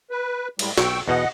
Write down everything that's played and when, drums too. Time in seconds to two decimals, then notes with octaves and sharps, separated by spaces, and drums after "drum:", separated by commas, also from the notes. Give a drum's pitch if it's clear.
0.11 B4
0.59 A2 G3 G#3, drum: cymbal
0.78 B1 G5 C#6 E6, drum: snare
1.08 E2 B2 D#5 F#5